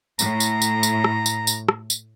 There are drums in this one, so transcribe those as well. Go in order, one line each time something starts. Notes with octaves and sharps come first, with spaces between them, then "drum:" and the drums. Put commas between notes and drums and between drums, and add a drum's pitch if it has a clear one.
A2 A#5, drum: tambourine
drum: tambourine
drum: tambourine
drum: tambourine
drum: rim click
drum: tambourine
drum: tambourine
drum: rim click
drum: tambourine